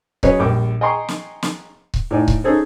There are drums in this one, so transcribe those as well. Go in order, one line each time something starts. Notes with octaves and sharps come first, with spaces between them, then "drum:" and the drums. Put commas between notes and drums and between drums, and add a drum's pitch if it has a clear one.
F#3 C#4 G#4 B4 C#5 D#5, drum: kick C#1
A#1 G3 D6
D#5 G5 G#5 A#5 C6 C#6
drum: snare
drum: snare
drum: kick C#1
A2 D#4 D5 G#5
drum: kick C#1
C#4 D#4 G#4 A4 C5